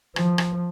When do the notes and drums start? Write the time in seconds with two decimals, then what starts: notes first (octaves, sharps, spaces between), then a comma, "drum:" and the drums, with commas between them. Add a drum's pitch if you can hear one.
0.16 F3, drum: rim click
0.38 drum: rim click